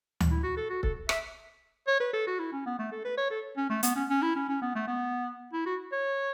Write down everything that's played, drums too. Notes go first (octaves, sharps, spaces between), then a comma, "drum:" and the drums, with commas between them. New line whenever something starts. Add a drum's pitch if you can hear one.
drum: tom D2
E4
F#4
A4
F#4
A4, drum: kick C#1
E5, drum: rim click
C#5
B4
A4
F#4
E4
C#4
B3
A3
A4
B4
C#5
A4
C#4
A3
B3, drum: hi-hat
C#4
C#4
E4
C#4
C#4
B3
A3
B3
E4
F#4
C#5